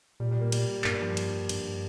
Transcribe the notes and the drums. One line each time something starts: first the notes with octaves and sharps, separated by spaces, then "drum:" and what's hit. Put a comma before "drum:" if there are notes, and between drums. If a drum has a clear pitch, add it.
A#2 G3
G3
A#3
G3, drum: cymbal
G2 A#3, drum: clap
G3
F3
drum: cymbal
G2, drum: cymbal